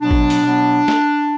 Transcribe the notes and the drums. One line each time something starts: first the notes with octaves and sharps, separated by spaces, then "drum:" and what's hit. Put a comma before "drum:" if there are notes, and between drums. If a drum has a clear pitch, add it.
B2 F#3 B3 D4
drum: kick A1
drum: open hi-hat
B2 F#3 B3
drum: snare